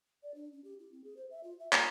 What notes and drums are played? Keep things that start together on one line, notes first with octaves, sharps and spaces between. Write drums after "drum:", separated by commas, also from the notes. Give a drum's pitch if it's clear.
D5
D4
C#4
G4
E4
C4
G#4
C5
E5
F4
E5
F4, drum: clap